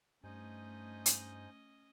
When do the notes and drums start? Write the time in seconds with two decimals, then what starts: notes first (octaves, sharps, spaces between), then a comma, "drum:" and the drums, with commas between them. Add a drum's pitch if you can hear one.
0.24 G2 A3 C#4 D#4 C5 D#5 G#5
1.06 drum: hi-hat